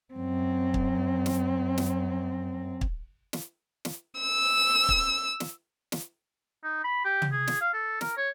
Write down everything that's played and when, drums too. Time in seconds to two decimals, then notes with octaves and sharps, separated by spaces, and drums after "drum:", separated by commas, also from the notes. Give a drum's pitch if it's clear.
0.14 F#2 C4
0.74 drum: kick
1.26 drum: snare
1.78 drum: snare
2.81 drum: kick
3.33 drum: snare
3.85 drum: snare
4.21 E6
4.89 drum: kick
5.40 drum: snare
5.92 drum: snare
6.64 D#4
6.84 B5
7.05 G4
7.22 drum: tom
7.32 G#4
7.48 drum: snare
7.61 F5
7.74 A4
8.01 A#4, drum: snare
8.17 C#5